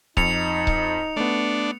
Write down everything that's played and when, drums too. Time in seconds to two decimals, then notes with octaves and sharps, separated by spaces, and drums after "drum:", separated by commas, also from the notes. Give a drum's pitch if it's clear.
0.17 F2 D#4 C#7 F7, drum: kick C#1
0.67 drum: kick C#1
1.16 A3 B3 D4